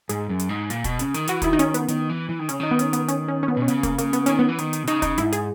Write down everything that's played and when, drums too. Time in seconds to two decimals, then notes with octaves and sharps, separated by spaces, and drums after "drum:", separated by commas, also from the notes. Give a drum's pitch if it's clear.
0.09 G#2 G#4, drum: hi-hat
0.29 F#2
0.39 drum: hi-hat
0.49 G#2
0.70 A#2, drum: hi-hat
0.84 B2, drum: kick, hi-hat
0.99 C#3, drum: hi-hat
1.14 D#3, drum: hi-hat
1.27 E3 F#4, drum: hi-hat
1.42 D#3 E4, drum: kick, hi-hat
1.53 D#4
1.59 C#4, drum: hi-hat
1.74 B3, drum: hi-hat
1.88 D#3, drum: hi-hat
2.09 E3
2.29 E3
2.39 D#3
2.49 C#3 C#4, drum: hi-hat
2.60 D#3 D#4
2.71 B3
2.79 C#4, drum: hi-hat
2.93 B3, drum: hi-hat
3.08 C#4, drum: hi-hat
3.28 C#4
3.43 C#4
3.48 B3
3.57 B2
3.62 C#4
3.68 C#3 B3, drum: hi-hat
3.83 A#3, drum: kick, hi-hat
3.98 C#3 A#3, drum: hi-hat
4.13 B3, drum: hi-hat
4.26 D#3 C#4, drum: hi-hat
4.39 B3
4.49 E3
4.58 D#3, drum: hi-hat
4.73 drum: hi-hat
4.83 B2
4.87 C#3 D#4, drum: hi-hat
5.02 D#4, drum: kick, hi-hat
5.18 G#2 E4, drum: hi-hat
5.32 G#4, drum: hi-hat